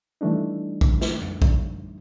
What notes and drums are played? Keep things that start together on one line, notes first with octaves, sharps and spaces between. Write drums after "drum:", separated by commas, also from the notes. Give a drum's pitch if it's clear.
E3 G3 A3 D4 D#4
drum: kick
drum: snare
drum: tom F2
drum: kick